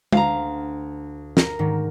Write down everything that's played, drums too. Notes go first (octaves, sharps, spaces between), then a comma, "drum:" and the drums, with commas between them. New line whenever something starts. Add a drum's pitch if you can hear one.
D2 F5 A#5, drum: tom G#3
A#4, drum: snare
G#2 D#3